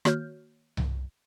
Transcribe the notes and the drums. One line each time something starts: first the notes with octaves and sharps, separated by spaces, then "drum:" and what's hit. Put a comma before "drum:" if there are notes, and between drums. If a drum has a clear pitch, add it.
D#3 A#3 F#4 C#5 F6 G6, drum: rim click
drum: tom C2